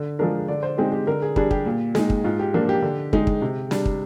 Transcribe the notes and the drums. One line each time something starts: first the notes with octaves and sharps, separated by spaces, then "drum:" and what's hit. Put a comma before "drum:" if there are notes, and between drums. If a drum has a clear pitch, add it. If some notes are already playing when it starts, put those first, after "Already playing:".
Already playing: D3
F3 G#3 D4 A#4
D3 D5
C5
G#3 C4 D#4 G4
G4
D3 A#4
G#4
G3 D4 G#4, drum: kick
G4, drum: kick
A#2
G#3 D#4, drum: snare
drum: kick
G#2 F4
G4
F3 A#3 D4
G4
D3
G#3 D#4, drum: kick
drum: kick
C3
G3 D4, drum: snare
drum: kick